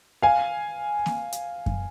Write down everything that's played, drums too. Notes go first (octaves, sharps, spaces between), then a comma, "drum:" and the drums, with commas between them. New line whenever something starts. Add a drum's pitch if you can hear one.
F5 G#5
drum: snare A#3
drum: hi-hat
drum: kick F#2